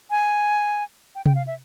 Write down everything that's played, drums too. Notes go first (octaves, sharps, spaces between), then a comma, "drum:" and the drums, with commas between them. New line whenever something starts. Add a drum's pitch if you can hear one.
G#5
G5
G5, drum: tom C3
F5
E5